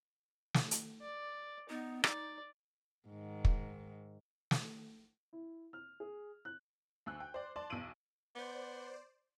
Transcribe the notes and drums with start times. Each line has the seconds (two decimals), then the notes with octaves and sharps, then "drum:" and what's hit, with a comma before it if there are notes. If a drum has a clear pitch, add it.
0.54 drum: snare
0.71 drum: hi-hat
1.02 D5
1.69 B3 D#4
2.04 D#4 D5, drum: rim click
3.09 G#2 D#3
3.45 drum: kick
4.51 drum: snare
5.33 E4
5.73 F6
6.00 G#4
6.45 F#6
7.06 D2 E6 F#6
7.20 G5
7.34 C5 D5
7.56 D5 A5 C6
7.70 B1 E2 E6 D7 D#7 F#7
8.35 B3 C5 D5